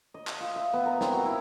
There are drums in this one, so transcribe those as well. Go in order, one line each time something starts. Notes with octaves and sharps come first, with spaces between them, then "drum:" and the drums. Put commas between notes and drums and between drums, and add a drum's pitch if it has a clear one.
D#5
drum: clap
F4
E5
B3
A#4
C4, drum: snare
F#4
E4